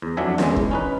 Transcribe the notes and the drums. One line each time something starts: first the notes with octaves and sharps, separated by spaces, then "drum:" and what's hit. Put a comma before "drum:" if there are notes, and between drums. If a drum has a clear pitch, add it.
E2
F2 F#3 D4 E5 G#5
E2 G#3, drum: snare
drum: kick
C#4 D#4 B4